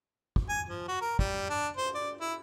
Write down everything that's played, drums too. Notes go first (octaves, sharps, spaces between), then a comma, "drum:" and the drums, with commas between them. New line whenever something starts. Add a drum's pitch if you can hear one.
drum: kick
G#5
F3
F#4
A#4
G3, drum: kick
D4
C5, drum: cymbal
D5
E4